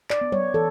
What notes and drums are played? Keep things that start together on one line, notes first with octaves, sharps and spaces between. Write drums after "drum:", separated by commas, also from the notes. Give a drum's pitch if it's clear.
D5, drum: clap
B3
C#5, drum: tom F#3
E3 A4